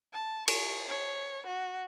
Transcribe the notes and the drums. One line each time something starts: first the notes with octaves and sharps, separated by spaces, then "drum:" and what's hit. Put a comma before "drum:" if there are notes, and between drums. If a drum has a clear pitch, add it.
A5
C#6, drum: cymbal
C#5
F#4